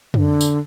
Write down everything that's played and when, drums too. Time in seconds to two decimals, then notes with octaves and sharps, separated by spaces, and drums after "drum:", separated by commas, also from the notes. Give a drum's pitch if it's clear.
0.14 D3, drum: tom
0.41 drum: tambourine